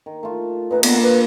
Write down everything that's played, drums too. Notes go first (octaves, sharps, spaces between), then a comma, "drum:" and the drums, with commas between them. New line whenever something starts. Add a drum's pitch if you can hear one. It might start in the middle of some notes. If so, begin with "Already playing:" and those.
D#3
A3 F4
A#2 D#4 B4
A#3 B3 D4 G5, drum: cymbal
B4